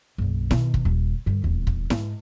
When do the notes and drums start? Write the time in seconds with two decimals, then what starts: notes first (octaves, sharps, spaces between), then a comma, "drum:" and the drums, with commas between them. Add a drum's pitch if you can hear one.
0.18 F#1 B1
0.51 B2 D#3, drum: snare E4
0.74 drum: kick
0.85 D#1
1.26 G2 D3
1.43 D#1 E2
1.67 drum: kick
1.90 G#2, drum: snare E4